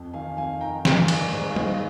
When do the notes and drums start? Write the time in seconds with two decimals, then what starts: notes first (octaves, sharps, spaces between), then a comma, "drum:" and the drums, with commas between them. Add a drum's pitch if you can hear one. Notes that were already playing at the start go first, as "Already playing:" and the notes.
Already playing: F2
0.13 D#3 F5 G#5
0.37 F2 F5 G#5
0.61 D#3 G5 A#5
0.85 G2 F5 G#5, drum: snare
1.08 D#3 A#4 D5, drum: cymbal
1.32 G#2 G#4 C5
1.49 F5
1.56 G#2 C5 D#5, drum: tom